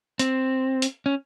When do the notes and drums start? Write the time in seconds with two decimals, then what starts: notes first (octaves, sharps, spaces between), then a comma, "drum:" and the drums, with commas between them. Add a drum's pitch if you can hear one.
0.19 C4, drum: hi-hat
0.82 drum: hi-hat
1.06 C#4